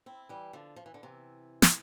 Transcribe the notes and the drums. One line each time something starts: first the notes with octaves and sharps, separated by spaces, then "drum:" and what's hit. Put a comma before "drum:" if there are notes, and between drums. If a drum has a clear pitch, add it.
C4 E4
E3 G3
D3 F3
F3
E3
D3
C3 E3
drum: snare